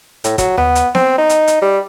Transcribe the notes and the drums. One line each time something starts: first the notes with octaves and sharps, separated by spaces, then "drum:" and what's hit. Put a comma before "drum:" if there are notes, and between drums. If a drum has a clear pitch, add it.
A2, drum: hi-hat
F#3, drum: kick, hi-hat
B3, drum: tom D#2
drum: hi-hat
C4, drum: snare B3
D#4
drum: hi-hat
drum: hi-hat
G3